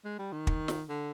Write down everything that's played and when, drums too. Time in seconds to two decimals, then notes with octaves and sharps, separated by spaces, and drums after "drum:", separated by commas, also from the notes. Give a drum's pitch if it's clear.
0.05 G#3
0.19 G3
0.33 D#3
0.47 drum: kick
0.68 drum: snare
0.89 D3